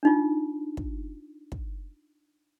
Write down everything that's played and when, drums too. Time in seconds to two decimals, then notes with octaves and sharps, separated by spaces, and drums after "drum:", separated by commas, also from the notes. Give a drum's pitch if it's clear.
0.03 D4 D#4 F4
0.77 drum: kick
1.52 drum: kick